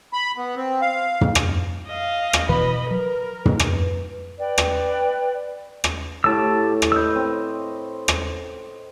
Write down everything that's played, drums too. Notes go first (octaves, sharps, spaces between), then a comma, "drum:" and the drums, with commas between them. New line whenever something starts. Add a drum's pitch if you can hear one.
B5
B3
C4
F5
drum: tom
drum: rim click
D#5 F5
drum: rim click
F#1 B2 E3 B4 D#5 B5
F#3 A#4
drum: tom
drum: rim click
B4 D5 G5
drum: rim click
drum: rim click
A2 G4 C#5 A5 E6
drum: rim click
B4 D#5 E6 G6
C4
drum: rim click